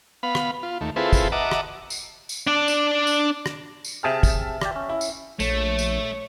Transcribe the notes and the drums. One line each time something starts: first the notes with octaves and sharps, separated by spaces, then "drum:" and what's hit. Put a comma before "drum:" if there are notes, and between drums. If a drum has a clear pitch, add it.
B3 F5 B5
drum: rim click
F4
D#2 A3
C4 E4 F4 G#4 A4 B4
drum: kick, tambourine
D#5 E5 F#5 A5 A#5 D6
drum: rim click
drum: tambourine
drum: tambourine
D4 D5
drum: tambourine
drum: tambourine
drum: rim click
drum: tambourine
C3 G#4 E5 G5 A5 F6
drum: kick, tambourine
G4 D5, drum: rim click
C#4
E4
drum: tambourine
A#1 A3 C#5, drum: tambourine
drum: tambourine